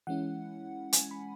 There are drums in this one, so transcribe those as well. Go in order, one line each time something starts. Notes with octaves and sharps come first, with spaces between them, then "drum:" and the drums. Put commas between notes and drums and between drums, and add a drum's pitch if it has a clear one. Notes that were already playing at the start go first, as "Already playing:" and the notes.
E3 G#3 C#4 E4 F#5
G#5, drum: hi-hat
B5